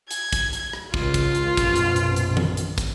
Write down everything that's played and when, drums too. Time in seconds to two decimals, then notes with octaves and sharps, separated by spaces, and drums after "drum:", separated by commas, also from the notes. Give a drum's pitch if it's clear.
0.11 G#6, drum: hi-hat
0.33 drum: kick, hi-hat
0.53 drum: hi-hat
0.73 drum: rim click
0.94 C#2 F4, drum: kick
1.14 drum: kick, hi-hat
1.35 drum: hi-hat
1.57 A#1 F#2 B2, drum: kick, hi-hat
1.76 drum: hi-hat
1.96 drum: hi-hat
2.16 drum: hi-hat
2.37 drum: tom D#3
2.57 drum: hi-hat
2.78 drum: kick, hi-hat